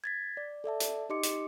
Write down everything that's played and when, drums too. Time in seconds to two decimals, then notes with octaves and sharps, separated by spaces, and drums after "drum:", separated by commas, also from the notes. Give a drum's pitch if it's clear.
0.04 G#6 A6 B6
0.37 D5
0.64 A4 D5 E5 A5
0.80 drum: hi-hat
1.09 D#4 G4 D#5 C6 D6 C#7
1.23 drum: hi-hat